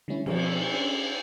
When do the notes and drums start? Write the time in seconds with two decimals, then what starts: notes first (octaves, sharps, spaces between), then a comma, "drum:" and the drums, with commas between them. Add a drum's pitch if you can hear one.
0.08 D3 G3 A3 C#4 E4
0.26 B2 F3 C4, drum: cymbal
0.73 C#4 D4